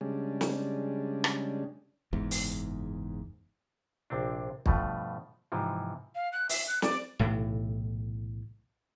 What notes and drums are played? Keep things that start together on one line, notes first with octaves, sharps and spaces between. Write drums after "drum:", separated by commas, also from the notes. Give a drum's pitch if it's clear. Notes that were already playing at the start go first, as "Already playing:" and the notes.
C#3 G3 G#3 C#4 D4
drum: snare
drum: rim click
F#1 E2 G#2
drum: open hi-hat
A#1 C3 C4 D4
G2 B2 F3 A3, drum: kick
G#2 C3 E3 F3
F5
F#6
E5, drum: open hi-hat
F#6
D5, drum: snare
B1 A2 C3 E3